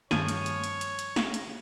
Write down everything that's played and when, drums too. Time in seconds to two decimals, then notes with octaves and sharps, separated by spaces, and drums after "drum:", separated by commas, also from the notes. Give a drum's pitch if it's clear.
0.11 G2 D#3 F3 C#5 G#5, drum: snare
0.28 drum: hi-hat
0.46 drum: hi-hat
0.64 drum: hi-hat
0.81 drum: hi-hat
0.99 drum: hi-hat
1.16 drum: snare
1.34 drum: hi-hat